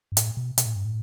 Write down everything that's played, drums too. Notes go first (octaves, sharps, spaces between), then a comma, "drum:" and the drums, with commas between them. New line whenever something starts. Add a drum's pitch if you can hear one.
G2
A2, drum: hi-hat
B2
B2, drum: hi-hat
A2
G2
A2